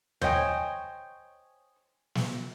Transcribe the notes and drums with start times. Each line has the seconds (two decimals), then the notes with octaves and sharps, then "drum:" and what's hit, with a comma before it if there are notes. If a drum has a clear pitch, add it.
0.21 C5 C#5 D#5 E5 G5 G#5, drum: tom D#2
2.15 drum: snare